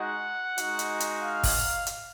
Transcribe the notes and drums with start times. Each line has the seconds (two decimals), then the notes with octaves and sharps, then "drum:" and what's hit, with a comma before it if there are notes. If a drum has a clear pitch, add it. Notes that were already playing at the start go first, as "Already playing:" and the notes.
Already playing: G#3 D#4 F#4 F#5
0.58 G#3 D#4 F#4, drum: hi-hat
0.79 drum: hi-hat
1.00 drum: hi-hat
1.22 F5
1.43 drum: kick, open hi-hat
1.87 drum: hi-hat